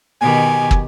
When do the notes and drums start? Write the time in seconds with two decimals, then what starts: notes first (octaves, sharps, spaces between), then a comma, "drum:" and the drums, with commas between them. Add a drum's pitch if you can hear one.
0.21 B2 D#3 G4 G#5
0.71 drum: kick